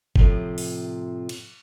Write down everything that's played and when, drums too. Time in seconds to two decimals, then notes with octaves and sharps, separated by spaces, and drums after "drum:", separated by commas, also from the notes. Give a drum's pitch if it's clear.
0.16 A2 C3 F3, drum: kick G1
0.58 drum: open hi-hat
1.29 drum: cymbal